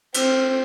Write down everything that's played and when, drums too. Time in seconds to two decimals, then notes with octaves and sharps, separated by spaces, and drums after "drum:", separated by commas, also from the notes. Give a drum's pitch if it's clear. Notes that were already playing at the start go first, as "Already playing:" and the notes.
0.14 C4, drum: cymbal